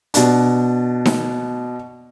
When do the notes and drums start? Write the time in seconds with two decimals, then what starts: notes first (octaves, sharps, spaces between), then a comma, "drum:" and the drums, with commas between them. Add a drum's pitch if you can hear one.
0.14 B2 D4, drum: hi-hat
1.05 drum: snare D#4